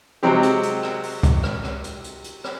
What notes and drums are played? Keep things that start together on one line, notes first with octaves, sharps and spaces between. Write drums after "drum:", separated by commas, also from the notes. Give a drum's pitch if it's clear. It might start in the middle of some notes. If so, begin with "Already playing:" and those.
C3 F#3 G#3 C4 G4
drum: hi-hat
drum: hi-hat
drum: rim click
drum: open hi-hat
drum: kick C2, hi-hat
drum: rim click
drum: rim click
drum: hi-hat
drum: hi-hat
drum: hi-hat
drum: rim click